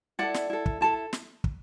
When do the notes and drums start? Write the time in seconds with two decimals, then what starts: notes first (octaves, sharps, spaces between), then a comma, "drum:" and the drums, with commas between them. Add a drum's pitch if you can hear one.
0.19 E4 A4 D5 F#5
0.34 drum: snare
0.50 E4 A4
0.66 drum: kick
0.81 E4 A4 A5
1.13 drum: snare
1.44 drum: kick